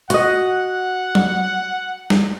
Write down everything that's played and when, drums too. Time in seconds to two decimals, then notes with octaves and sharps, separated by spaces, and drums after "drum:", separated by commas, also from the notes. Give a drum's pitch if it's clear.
0.10 F#4 D#5 F#5, drum: hi-hat
1.15 drum: tom F#3
2.10 drum: snare